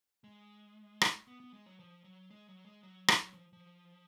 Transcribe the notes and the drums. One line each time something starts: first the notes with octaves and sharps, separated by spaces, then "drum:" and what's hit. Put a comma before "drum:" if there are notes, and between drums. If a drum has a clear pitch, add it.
G#3
drum: rim click
B3
B3
G#3
F#3
F3
F#3
G#3
F#3
G#3
F#3
F#3, drum: rim click
F3
F3